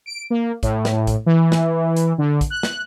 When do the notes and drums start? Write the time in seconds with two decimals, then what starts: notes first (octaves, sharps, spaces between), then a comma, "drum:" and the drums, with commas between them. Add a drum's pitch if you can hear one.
0.06 D7
0.30 A#3
0.63 A2, drum: kick, hi-hat
0.85 drum: snare
1.07 drum: kick, hi-hat
1.26 E3
1.52 drum: snare
1.96 drum: hi-hat
2.18 D3
2.41 drum: kick, hi-hat
2.50 F#6
2.63 drum: snare